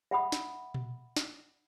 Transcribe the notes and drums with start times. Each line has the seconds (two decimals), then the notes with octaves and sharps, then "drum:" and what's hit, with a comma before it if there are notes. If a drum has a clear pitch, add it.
0.11 E5 F#5 B5 D#6
0.32 drum: snare
0.74 drum: tom A#2
1.16 drum: snare